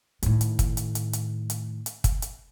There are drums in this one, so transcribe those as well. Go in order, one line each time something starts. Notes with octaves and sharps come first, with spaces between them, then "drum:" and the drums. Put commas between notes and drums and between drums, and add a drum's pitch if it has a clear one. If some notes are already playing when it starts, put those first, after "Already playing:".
A2 D#3, drum: hi-hat
drum: hi-hat
drum: kick, hi-hat
drum: hi-hat
drum: hi-hat
drum: hi-hat
drum: hi-hat
drum: hi-hat
drum: kick, hi-hat
drum: hi-hat